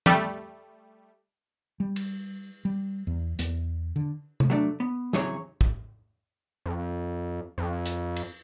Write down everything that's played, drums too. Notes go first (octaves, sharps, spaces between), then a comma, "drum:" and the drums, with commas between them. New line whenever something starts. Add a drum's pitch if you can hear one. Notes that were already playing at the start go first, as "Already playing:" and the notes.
G3 A3, drum: tom
G3
drum: cymbal
G3
E2
E2, drum: hi-hat
D3
drum: tom C3
F#3 A3 D4
B3
C#3 E3 F#3 C4 G#4 C#5, drum: snare
drum: kick
F2
F2
drum: hi-hat
drum: cymbal